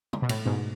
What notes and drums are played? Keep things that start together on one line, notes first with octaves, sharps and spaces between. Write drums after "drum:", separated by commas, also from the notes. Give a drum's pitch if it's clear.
drum: tom
B2
A2, drum: cymbal
G#2 B2